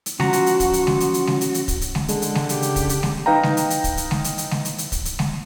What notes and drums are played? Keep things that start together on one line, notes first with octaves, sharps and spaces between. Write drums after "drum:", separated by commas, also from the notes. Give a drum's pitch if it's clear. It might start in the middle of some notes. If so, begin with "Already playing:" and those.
drum: hi-hat
F3 C#4 F#4 A#5, drum: snare G#3
drum: hi-hat
drum: hi-hat
drum: kick, hi-hat
drum: hi-hat
drum: snare G#3
drum: hi-hat
drum: hi-hat
drum: snare G#3
drum: hi-hat
drum: hi-hat
drum: kick, hi-hat
drum: hi-hat
drum: snare G#3
D3 G#3, drum: hi-hat
drum: hi-hat
drum: snare G#3
C#3 G4, drum: hi-hat
drum: hi-hat
drum: kick, hi-hat
drum: hi-hat
drum: snare G#3
D#4 B4 F5 G5 A#5
drum: snare G#3
drum: hi-hat
drum: hi-hat
drum: kick, hi-hat
drum: hi-hat
drum: snare G#3
drum: hi-hat
drum: hi-hat
drum: snare G#3
drum: hi-hat
drum: hi-hat
drum: kick, hi-hat
drum: hi-hat
drum: snare G#3